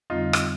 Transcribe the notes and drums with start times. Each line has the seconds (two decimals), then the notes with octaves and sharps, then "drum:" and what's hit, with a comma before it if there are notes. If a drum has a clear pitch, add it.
0.10 F2 D3 G3 C4 D#4 F4
0.33 drum: rim click